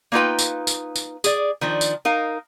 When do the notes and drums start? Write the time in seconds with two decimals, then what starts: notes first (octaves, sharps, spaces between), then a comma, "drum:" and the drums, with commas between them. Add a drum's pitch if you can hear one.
0.12 A#3 D4 D#4 F4 B4 G5
0.39 drum: tambourine
0.67 drum: tambourine
0.96 drum: tambourine
1.24 G#4 D5, drum: tambourine
1.61 D#3 F3 D4
1.81 drum: tambourine
2.05 D#4 A#4 F5